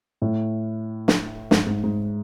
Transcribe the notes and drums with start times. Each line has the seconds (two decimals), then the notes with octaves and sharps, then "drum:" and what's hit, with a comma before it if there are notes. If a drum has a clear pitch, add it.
0.22 A2
1.08 drum: snare
1.51 G#2, drum: snare
1.67 G#2
1.84 G#2